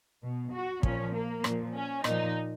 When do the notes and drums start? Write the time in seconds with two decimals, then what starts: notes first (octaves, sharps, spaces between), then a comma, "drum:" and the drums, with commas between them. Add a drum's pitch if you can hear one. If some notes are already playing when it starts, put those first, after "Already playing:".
0.22 B2
0.53 F#4
0.83 A#2 F3 C#4, drum: kick
1.13 A#3
1.44 A#2 F3, drum: rim click
1.74 C#4
2.04 A#2 F3 D#4, drum: rim click